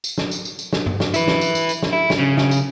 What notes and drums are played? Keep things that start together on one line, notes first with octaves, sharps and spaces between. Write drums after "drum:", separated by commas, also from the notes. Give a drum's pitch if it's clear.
drum: tambourine
drum: snare
drum: tambourine
drum: tambourine
drum: tambourine
drum: snare
drum: tom G2
drum: snare
E4 B4, drum: tambourine
drum: snare
drum: tambourine
drum: tambourine
drum: tambourine
drum: snare
E4
drum: snare
C#3
drum: snare
drum: tambourine